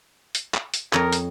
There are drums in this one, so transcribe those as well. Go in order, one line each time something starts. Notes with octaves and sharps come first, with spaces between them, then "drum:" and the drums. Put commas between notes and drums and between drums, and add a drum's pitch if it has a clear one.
drum: hi-hat
drum: clap
drum: hi-hat
F2 A#4 C#5 D#5, drum: clap
drum: hi-hat